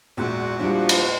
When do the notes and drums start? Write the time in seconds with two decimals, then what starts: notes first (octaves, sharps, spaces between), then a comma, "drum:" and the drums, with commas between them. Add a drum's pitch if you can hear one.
0.17 A#1 E2 G#2 F#4
0.60 F3 G3 D4 E4
0.89 drum: cymbal